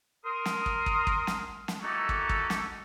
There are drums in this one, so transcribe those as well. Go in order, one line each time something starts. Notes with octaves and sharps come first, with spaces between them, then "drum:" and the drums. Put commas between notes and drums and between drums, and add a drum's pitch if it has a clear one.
A#4 C6 D#6
drum: snare
drum: kick
drum: kick
drum: kick
drum: snare
drum: snare
A#3 D#4 E4 F#4 G4 A4
drum: kick
drum: kick
drum: snare